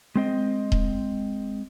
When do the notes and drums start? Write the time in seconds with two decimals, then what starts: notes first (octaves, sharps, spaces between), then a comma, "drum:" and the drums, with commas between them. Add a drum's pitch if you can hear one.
0.16 G#3 C4 D#5
0.72 drum: kick D#1